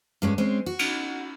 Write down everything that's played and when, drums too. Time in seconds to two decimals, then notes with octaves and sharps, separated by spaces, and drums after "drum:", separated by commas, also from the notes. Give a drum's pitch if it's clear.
0.22 G2 G#3 C#4
0.38 G#3 C4 C#4
0.66 F#4
0.79 drum: cymbal